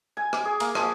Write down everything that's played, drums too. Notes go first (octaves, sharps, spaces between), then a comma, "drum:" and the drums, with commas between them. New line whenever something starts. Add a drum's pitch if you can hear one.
G#5
D6, drum: rim click
G#4
A#3, drum: cymbal
F3, drum: rim click